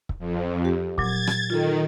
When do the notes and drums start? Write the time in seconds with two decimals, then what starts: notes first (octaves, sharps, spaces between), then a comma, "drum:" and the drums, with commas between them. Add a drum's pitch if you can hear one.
0.09 drum: kick C#1
0.19 F2
0.65 G4
0.98 A#2 F#3 G#6 A6, drum: kick C#1
1.27 drum: rim click
1.50 D#3 F4 A4